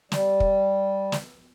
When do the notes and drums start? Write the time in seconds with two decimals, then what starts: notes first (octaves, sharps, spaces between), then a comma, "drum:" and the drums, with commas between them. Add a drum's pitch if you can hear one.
0.12 G3, drum: snare
0.40 drum: kick
1.12 drum: snare